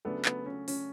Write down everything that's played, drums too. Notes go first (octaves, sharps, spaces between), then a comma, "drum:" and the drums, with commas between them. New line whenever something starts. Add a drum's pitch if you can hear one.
C#3 F#3 A3 B3 D4 A4
B3, drum: clap
C#4
C#4, drum: open hi-hat